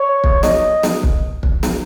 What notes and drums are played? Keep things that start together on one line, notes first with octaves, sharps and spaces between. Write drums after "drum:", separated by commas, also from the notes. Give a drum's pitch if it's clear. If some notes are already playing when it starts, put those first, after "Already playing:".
Already playing: C#5
drum: kick
D#5, drum: snare
drum: snare
drum: kick
drum: kick
drum: snare